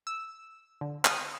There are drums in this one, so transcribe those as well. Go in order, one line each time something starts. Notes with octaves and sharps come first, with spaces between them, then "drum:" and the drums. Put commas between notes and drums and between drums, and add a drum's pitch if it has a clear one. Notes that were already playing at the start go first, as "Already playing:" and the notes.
E6
D3
D#6, drum: clap